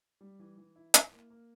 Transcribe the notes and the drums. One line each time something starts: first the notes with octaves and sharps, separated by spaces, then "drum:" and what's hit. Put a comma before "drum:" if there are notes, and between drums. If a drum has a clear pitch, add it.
G3
E3
E3
E4
E4, drum: hi-hat
A#3
A#3